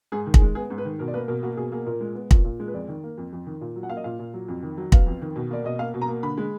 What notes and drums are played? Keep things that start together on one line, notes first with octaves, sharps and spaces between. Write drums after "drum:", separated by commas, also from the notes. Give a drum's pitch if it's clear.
G#2 G#4
D#3
G#4, drum: kick
G#3
B3 G#4
G#2
B4
D#3
B2 A#4
D5
A#3 B4
B2 A#4
A#3 F#4
B2 G#4
A#3 G#4
A#2 A#4
G#3
B3
A#2, drum: kick
A#2
G#3
B4
F2 D5
D#3
A#3
F2
F2
D#3
A#2
F#3
F#5
A#3 F5
D#5
A#2 F5
A#2
F#3
F2
D#3
F#3
B3 F5, drum: kick
F2
D#3
B2
A#3 D5
B2 D#5
A#3 F5
B2
A#5
A#3
D3 B5
G#3